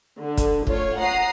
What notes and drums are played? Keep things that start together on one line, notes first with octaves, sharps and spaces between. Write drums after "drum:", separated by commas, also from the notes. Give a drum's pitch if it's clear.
D3
drum: kick, hi-hat
A3 F4 C#5, drum: kick
F#5 A#5 D#6 C7